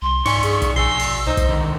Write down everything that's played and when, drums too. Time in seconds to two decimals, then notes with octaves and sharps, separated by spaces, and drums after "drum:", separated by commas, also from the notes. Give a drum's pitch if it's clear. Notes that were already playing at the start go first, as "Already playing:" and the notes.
0.02 C2 C6
0.26 G#2 D#4 D5 G#5 C#6, drum: open hi-hat
0.43 G2 G#4, drum: hi-hat
0.62 drum: kick, hi-hat
0.76 A#1 B2 C5 G#5 C6 E6
0.99 drum: open hi-hat
1.27 C#2 D#4 C5
1.37 drum: kick, hi-hat
1.49 D3 D#3